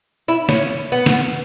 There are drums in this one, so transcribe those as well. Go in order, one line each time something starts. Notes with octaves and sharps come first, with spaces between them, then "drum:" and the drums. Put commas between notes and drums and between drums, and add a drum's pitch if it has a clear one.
E4
C#4, drum: snare
B3
drum: snare